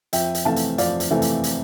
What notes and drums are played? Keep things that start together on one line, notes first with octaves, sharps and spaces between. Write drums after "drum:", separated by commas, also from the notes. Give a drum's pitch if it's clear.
F2 E5 G5, drum: hi-hat
drum: hi-hat
C3 E3 A3 F5 A5
drum: hi-hat
F2 D5 F5, drum: hi-hat
drum: hi-hat
C3 E3 A3
drum: hi-hat
drum: hi-hat